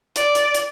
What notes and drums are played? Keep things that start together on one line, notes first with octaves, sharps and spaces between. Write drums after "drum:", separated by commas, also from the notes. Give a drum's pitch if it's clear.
D5, drum: hi-hat
drum: hi-hat
drum: hi-hat